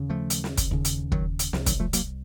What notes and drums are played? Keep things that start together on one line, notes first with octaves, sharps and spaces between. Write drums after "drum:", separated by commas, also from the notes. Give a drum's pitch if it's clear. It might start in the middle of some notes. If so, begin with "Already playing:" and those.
Already playing: D#2 C#3
F3 A3
drum: hi-hat
drum: snare
drum: kick, hi-hat
D#2 C#3
drum: hi-hat
D#3 F#3, drum: kick
drum: hi-hat
C2 C3 F3, drum: snare
D#3 F#3, drum: kick, hi-hat
F3 A3
F#3 A#3, drum: hi-hat